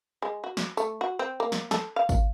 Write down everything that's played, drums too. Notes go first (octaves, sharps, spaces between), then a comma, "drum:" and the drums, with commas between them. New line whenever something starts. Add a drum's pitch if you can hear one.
G#3
F#4
drum: snare
A3, drum: tambourine
F#4
C4
A#3
drum: snare
A4, drum: snare
F5
drum: kick G#1, tambourine